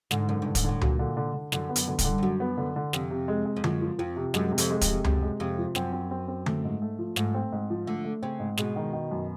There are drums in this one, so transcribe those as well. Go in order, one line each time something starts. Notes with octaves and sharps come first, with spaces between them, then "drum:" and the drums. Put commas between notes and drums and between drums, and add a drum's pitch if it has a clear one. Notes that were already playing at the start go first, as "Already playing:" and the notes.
G#2 D3, drum: snare
F#2 D3
G2 D3
G#2, drum: kick, hi-hat
A2 D3
A#2 F#3, drum: tom C#2
D3
D3
D3
F#2 D3, drum: snare
B3
F#2, drum: hi-hat
D3
G2, drum: kick, hi-hat
D3
G2
F#2 F#3
B3
D3
D3
F2 C3, drum: snare
C3
G#3
G#3
F2
F#2 F3, drum: tom D3
F3
F2 F3
C3
F#2 G#3, drum: snare
C3
F2, drum: hi-hat
G#3
F2, drum: kick, hi-hat
C3
F#2 C3, drum: tom C#2
G#3
F2 C3
F3
F#2 C4, drum: snare
C4
C4
C4
A3, drum: tom D3
G#2
A3
F3
G#2 A3, drum: snare
C4
G#2
F3
D3 A3
A3
C#3 C4
G#2
B2 G#3, drum: snare
D#3
D#3
F#2